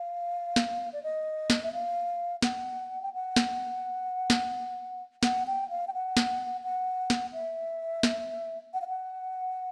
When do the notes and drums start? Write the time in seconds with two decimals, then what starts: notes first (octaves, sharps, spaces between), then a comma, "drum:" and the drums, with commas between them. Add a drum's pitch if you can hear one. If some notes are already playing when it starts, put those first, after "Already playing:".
Already playing: F5
0.56 drum: snare
0.93 D5
1.03 D#5
1.50 drum: snare
1.63 E5
1.73 F5
2.42 F#5, drum: snare
3.02 G5
3.13 F#5
3.36 drum: snare
4.30 drum: snare
5.23 F#5, drum: snare
5.47 G5
5.70 F5
5.88 G5
5.94 F#5
6.17 drum: snare
6.63 F#5
7.10 drum: snare
7.33 E5
8.03 drum: snare
8.74 F#5
8.81 F5
8.88 F#5